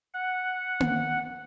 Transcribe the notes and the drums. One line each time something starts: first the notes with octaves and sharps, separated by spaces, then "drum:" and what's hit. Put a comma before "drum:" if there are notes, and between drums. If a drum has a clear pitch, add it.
F#5
drum: tom A#3